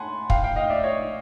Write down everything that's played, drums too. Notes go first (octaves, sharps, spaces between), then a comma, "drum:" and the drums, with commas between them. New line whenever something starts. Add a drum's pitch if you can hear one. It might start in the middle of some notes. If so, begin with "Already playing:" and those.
Already playing: F#5 G#5 A5 B5 C6
F5 G5, drum: kick
F5 G5
D#5 F5
D5 E5
C#5 D#5